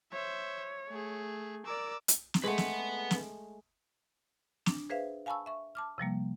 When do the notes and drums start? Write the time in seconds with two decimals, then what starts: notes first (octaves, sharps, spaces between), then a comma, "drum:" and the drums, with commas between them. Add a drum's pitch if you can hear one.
0.12 C5 C#5 E5
0.89 A3 G#4
1.66 A#4 D5 D6 E6
2.08 drum: hi-hat
2.34 drum: snare
2.44 G#3 A3 B4 F#5
2.58 drum: snare
3.11 drum: snare
4.66 D4, drum: snare
4.90 G#4 B4 C5 E5 F5
5.26 F5 G#5 A5 B5 C#6 E6
5.46 E5 C#6
5.75 A5 D6 F6
5.98 C3 F3 G3 A#3